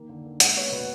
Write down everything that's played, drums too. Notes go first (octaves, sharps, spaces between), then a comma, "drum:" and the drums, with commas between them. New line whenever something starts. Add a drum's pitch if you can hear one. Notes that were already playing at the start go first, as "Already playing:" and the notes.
Already playing: D#3 A#3
D3
A#3
G#3 F#5, drum: hi-hat
B3 C#5
B2 B4